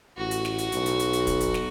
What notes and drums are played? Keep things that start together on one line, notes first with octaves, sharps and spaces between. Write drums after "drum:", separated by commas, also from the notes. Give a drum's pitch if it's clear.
A1 F#4
drum: hi-hat
drum: snare
drum: hi-hat
B1, drum: hi-hat
drum: hi-hat
drum: hi-hat
drum: hi-hat
drum: kick, hi-hat
drum: hi-hat
drum: snare